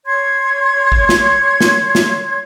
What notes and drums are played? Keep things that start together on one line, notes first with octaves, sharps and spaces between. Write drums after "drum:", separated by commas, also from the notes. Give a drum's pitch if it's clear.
C#5 C6 G#6
drum: kick A1
drum: snare
drum: snare
drum: snare